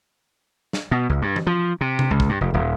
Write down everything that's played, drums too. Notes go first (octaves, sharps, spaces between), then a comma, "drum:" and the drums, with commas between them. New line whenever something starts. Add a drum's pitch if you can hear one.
drum: snare
B2
C#2
G2
drum: tom E3
F3
C3
drum: tom C3
C#2
drum: kick
G2
F1
D#1